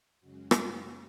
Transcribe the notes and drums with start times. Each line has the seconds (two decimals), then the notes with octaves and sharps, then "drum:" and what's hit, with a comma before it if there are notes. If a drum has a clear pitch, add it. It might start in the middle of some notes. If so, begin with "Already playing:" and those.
0.21 F#2 C#3 G#3 C#4 F#4
0.51 drum: rim click